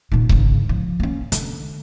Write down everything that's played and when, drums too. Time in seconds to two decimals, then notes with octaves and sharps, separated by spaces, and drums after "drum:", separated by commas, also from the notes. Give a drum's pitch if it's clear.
0.12 A#2 D#3
0.29 G#1 C#3, drum: kick C#1
0.69 F3
1.00 A#3 C#4
1.32 D3, drum: hi-hat